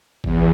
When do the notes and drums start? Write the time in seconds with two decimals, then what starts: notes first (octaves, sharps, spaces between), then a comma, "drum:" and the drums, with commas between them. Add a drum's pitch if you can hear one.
0.24 E2, drum: kick G#1